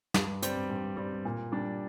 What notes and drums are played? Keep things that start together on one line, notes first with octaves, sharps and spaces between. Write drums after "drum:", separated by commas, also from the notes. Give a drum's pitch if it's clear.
G2, drum: snare
G3 C4, drum: hi-hat
G2
G3 C4
A#2
G3 D4